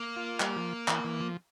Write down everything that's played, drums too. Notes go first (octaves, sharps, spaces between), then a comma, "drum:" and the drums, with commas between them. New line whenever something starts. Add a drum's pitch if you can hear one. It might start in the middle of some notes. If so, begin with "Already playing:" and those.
Already playing: A#3
F4
G3, drum: clap
F3
E3, drum: clap
E3
F3